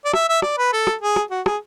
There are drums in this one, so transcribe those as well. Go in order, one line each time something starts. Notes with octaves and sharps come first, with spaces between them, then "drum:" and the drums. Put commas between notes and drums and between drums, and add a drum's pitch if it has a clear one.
D5
E5, drum: rim click
E5
D5, drum: rim click
B4
A4
drum: rim click
G#4
drum: rim click
F#4
G#4, drum: rim click